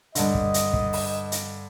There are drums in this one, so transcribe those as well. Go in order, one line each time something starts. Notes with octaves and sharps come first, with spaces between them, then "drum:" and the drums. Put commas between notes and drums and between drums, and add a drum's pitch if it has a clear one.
G2 D3 D#5, drum: hi-hat
drum: kick
drum: hi-hat
drum: kick
drum: open hi-hat
drum: hi-hat